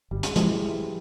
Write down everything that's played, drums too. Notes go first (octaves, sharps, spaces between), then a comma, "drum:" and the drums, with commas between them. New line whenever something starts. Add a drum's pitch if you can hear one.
G1 G3
G#3, drum: hi-hat
E3 F3 G3 G#3, drum: hi-hat